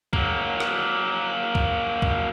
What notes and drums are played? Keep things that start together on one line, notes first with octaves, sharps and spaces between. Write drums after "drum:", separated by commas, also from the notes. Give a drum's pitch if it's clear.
F#3 A#3, drum: kick
drum: rim click
drum: kick
drum: kick